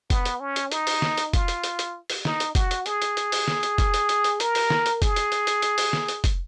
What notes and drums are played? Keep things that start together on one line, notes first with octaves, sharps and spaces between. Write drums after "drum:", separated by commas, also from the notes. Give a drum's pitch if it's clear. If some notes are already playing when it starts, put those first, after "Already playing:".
B3, drum: kick, hi-hat
drum: hi-hat
C#4
drum: hi-hat
D#4, drum: hi-hat
drum: open hi-hat
drum: snare
drum: hi-hat
F4, drum: kick, hi-hat
drum: hi-hat
drum: hi-hat
drum: hi-hat
drum: open hi-hat
D#4, drum: snare
drum: hi-hat
F#4, drum: kick, hi-hat
drum: hi-hat
G#4, drum: hi-hat
drum: hi-hat
drum: hi-hat
drum: open hi-hat
drum: snare
drum: hi-hat
drum: kick, hi-hat
drum: hi-hat
drum: hi-hat
drum: hi-hat
A#4, drum: hi-hat
drum: open hi-hat
drum: snare
drum: hi-hat
G#4, drum: kick, hi-hat
drum: hi-hat
drum: hi-hat
drum: hi-hat
drum: hi-hat
drum: open hi-hat
drum: snare
drum: hi-hat
drum: kick, hi-hat